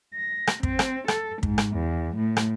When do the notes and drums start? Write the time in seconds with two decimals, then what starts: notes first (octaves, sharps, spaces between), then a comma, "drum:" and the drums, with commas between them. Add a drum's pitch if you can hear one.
0.13 A#6
0.47 drum: rim click
0.63 C4, drum: kick
0.79 drum: rim click
1.08 A4, drum: rim click
1.43 G#2, drum: kick
1.58 drum: rim click
1.74 E2
2.17 A2
2.37 drum: rim click